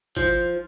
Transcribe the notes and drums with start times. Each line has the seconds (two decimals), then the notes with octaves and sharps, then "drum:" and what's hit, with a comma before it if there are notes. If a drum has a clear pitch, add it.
0.17 F3, drum: kick G#1